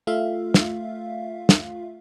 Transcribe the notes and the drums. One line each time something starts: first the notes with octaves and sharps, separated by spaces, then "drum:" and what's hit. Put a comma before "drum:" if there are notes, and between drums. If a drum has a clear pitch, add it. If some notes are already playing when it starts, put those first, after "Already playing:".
A3 F4 E5 F5
drum: snare
drum: snare